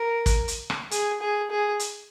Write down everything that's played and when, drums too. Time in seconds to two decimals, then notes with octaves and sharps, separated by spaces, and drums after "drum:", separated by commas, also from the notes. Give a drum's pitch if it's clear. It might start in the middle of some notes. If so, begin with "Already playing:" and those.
Already playing: A#4
0.26 drum: kick, hi-hat
0.48 drum: hi-hat
0.70 drum: rim click
0.91 G#4, drum: hi-hat
1.21 G#4
1.51 G#4
1.80 drum: hi-hat